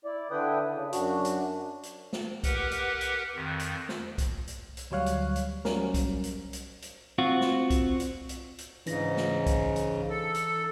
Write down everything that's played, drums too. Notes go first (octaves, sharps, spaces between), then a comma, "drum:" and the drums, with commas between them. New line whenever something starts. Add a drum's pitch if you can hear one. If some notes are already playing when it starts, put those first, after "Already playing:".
E4 D5
D3 D4 E4 B4 G5 D#6
C#3
F#2 D4 F#4, drum: hi-hat
drum: hi-hat
drum: hi-hat
drum: snare
G4 A#4 B4 F#5, drum: kick B1, hi-hat
drum: hi-hat
drum: hi-hat
F2 D#3
drum: hi-hat
drum: snare
drum: kick B1, hi-hat
drum: hi-hat
drum: hi-hat
D2 F#3 G3 C#5 F5 F#6
drum: hi-hat
drum: hi-hat
F#3 G3 C#4 A#4, drum: snare
drum: kick B1, hi-hat
drum: hi-hat
drum: hi-hat
drum: hi-hat
C4 F4 F#4
drum: snare
drum: kick B1, hi-hat
drum: hi-hat
drum: hi-hat
drum: hi-hat
G#2 C#3 E3 D4 A#6, drum: hi-hat
drum: snare
drum: kick B1, hi-hat
drum: hi-hat
A4
drum: hi-hat